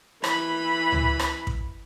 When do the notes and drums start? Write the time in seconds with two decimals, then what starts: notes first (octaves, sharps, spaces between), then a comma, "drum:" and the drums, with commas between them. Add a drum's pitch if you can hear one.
0.24 E3 B5, drum: rim click
0.92 drum: tom C#2
1.19 drum: rim click
1.47 drum: kick